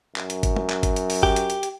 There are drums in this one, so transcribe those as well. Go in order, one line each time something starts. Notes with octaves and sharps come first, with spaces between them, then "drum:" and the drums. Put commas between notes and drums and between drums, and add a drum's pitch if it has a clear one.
F#2, drum: clap
drum: hi-hat
drum: kick G1, hi-hat
drum: tom
drum: clap
drum: kick G1, hi-hat
drum: hi-hat
drum: open hi-hat
G4, drum: kick G1
drum: hi-hat
drum: hi-hat
drum: hi-hat